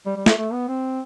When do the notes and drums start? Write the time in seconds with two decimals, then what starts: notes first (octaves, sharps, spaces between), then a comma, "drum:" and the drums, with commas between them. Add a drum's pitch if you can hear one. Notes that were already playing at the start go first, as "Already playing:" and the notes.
0.06 G3
0.16 G3
0.26 A3, drum: snare
0.37 A3
0.52 B3
0.68 C4